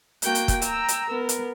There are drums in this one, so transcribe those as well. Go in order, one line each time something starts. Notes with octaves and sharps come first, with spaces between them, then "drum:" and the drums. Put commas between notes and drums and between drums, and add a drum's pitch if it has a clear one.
A#3 F#4 G5 G6, drum: hi-hat
drum: hi-hat
drum: kick, hi-hat
G5 A#5 E6, drum: hi-hat
drum: hi-hat
B3 A#4
drum: hi-hat